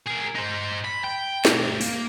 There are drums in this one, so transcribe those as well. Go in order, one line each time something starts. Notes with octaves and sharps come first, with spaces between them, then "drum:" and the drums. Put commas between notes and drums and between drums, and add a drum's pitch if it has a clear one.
G#4 A#4
D#4 C5
B5
G5
A3 G4, drum: snare
A#3, drum: open hi-hat